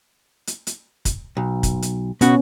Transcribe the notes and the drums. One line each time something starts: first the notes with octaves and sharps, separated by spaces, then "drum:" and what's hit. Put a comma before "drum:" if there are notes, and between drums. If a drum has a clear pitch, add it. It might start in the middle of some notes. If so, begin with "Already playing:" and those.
drum: hi-hat
drum: hi-hat
drum: kick, hi-hat
B1
drum: kick, hi-hat
drum: hi-hat
B2 B3 C#4 F#4, drum: hi-hat